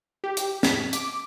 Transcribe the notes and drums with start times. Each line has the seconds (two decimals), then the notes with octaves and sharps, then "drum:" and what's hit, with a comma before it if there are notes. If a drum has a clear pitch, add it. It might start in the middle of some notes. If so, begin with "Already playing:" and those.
0.24 G4
0.37 drum: hi-hat
0.63 B6, drum: snare
0.93 D6, drum: hi-hat